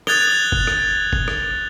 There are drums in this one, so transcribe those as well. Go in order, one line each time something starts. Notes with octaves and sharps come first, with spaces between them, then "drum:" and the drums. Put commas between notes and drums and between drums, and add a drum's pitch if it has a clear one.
D#6 F#6 G#6 A6 F7 G7, drum: rim click
drum: kick
drum: rim click
drum: kick
drum: rim click